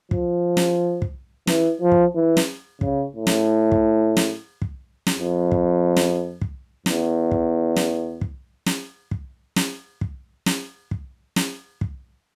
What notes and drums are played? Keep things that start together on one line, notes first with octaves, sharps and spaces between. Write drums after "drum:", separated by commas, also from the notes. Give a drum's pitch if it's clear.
F3, drum: kick
drum: snare
drum: kick
E3, drum: snare
F3
drum: kick
E3
drum: snare
C#3, drum: kick
A2
drum: snare
drum: kick
drum: snare
drum: kick
drum: snare
F2
drum: kick
drum: snare
drum: kick
E2, drum: snare
drum: kick
drum: snare
drum: kick
drum: snare
drum: kick
drum: snare
drum: kick
drum: snare
drum: kick
drum: snare
drum: kick